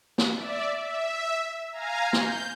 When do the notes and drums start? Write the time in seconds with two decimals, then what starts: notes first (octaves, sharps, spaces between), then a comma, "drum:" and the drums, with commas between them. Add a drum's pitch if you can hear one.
0.18 drum: snare
0.35 D5 E5
0.81 E5
1.72 F5 G#5 A#5
2.13 G6, drum: snare